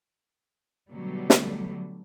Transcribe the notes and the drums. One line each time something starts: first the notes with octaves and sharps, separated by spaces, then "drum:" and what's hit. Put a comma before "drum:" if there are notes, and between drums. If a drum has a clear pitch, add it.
B2 D3 F#3 G3 A3
drum: snare